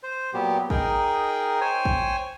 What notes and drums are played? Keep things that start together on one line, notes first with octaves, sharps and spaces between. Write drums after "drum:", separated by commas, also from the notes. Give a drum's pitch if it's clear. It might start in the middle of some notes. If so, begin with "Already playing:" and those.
C5
A#2 F#3 B3 G4
D#4 G#4 A#4 G5, drum: kick
C5 C#5 G5 G#5
drum: kick